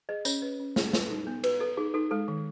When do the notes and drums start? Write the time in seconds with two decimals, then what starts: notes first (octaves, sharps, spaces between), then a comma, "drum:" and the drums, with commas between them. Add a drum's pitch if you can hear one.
0.09 G#4 D#5
0.25 C#4 C#5, drum: tambourine
0.42 B4
0.60 C#4
0.76 G#4, drum: snare
0.93 B4, drum: snare
1.10 D#4
1.27 B3
1.44 F#4 B4, drum: cymbal
1.60 A4 B4
1.77 D#4 G#4
1.94 D#4 A4
2.11 G#3 A4
2.28 D#3